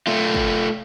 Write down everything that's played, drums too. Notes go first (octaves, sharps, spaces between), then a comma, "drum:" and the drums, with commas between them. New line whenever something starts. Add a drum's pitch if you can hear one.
A3 F4
drum: kick